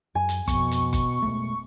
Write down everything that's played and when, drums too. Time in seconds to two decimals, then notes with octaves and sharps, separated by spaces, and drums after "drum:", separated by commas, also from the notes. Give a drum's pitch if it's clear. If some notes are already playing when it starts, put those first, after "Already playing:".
0.15 F#2 G#5
0.29 drum: hi-hat
0.48 F2 B2 C#6, drum: kick F#1, hi-hat
0.71 drum: hi-hat
0.93 C#6, drum: kick F#1, hi-hat
1.22 B2 G#3 A3